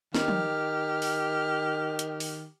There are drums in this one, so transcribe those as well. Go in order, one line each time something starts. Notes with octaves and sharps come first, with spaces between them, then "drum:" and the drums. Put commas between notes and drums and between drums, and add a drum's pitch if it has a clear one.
D#3 G4 F6, drum: snare
drum: tom
drum: open hi-hat
drum: hi-hat
drum: open hi-hat